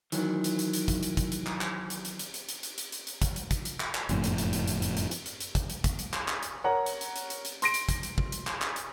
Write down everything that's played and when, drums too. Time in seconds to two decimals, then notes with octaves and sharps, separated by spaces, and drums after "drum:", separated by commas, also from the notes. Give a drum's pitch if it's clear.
0.12 D#3 E3 F#3, drum: hi-hat
0.44 drum: hi-hat
0.59 drum: hi-hat
0.73 drum: hi-hat
0.88 drum: kick, hi-hat
1.03 drum: hi-hat
1.17 drum: kick, hi-hat
1.32 drum: hi-hat
1.46 drum: clap
1.61 drum: clap
1.90 drum: hi-hat
2.05 drum: hi-hat
2.19 drum: hi-hat
2.34 drum: hi-hat
2.49 drum: hi-hat
2.63 drum: hi-hat
2.78 drum: hi-hat
2.92 drum: hi-hat
3.07 drum: hi-hat
3.22 drum: kick, hi-hat
3.36 drum: hi-hat
3.51 drum: kick, hi-hat
3.65 drum: hi-hat
3.80 drum: clap
3.95 drum: clap
4.09 F#1 F2 A2, drum: hi-hat
4.24 drum: hi-hat
4.38 drum: hi-hat
4.53 drum: hi-hat
4.67 drum: hi-hat
4.82 drum: hi-hat
4.97 drum: hi-hat
5.11 drum: hi-hat
5.26 drum: hi-hat
5.40 drum: hi-hat
5.55 drum: kick, hi-hat
5.70 drum: hi-hat
5.84 drum: kick, hi-hat
5.99 drum: hi-hat
6.13 drum: clap
6.28 drum: clap
6.43 drum: hi-hat
6.64 A#4 C#5 F#5 A#5
6.86 drum: hi-hat
7.01 drum: hi-hat
7.16 drum: hi-hat
7.30 drum: hi-hat
7.45 drum: hi-hat
7.62 C6 A#6 D7, drum: hi-hat
7.74 drum: hi-hat
7.89 drum: kick, hi-hat
8.03 drum: hi-hat
8.18 drum: kick
8.32 drum: hi-hat
8.47 drum: clap
8.62 drum: clap
8.76 drum: hi-hat